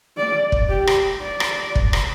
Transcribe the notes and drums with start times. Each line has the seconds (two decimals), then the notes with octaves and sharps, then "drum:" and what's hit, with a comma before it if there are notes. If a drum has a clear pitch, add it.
0.17 D5
0.52 drum: kick
0.69 G4
0.87 drum: rim click
1.22 D5
1.40 drum: rim click
1.75 drum: kick
1.93 drum: rim click